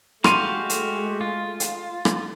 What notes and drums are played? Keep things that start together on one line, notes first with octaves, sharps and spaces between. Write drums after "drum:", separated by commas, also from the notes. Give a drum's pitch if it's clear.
G#3 A3 F#4 G4 F5 C6 D#7, drum: rim click
drum: hi-hat
F4
drum: hi-hat
drum: rim click